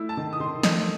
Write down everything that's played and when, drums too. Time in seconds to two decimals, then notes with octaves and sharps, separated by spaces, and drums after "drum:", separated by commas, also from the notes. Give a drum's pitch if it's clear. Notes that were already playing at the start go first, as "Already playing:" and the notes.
Already playing: A3 E4
0.09 A5
0.17 D#3
0.33 D#6
0.40 D#3 C6
0.63 A3 D#5, drum: snare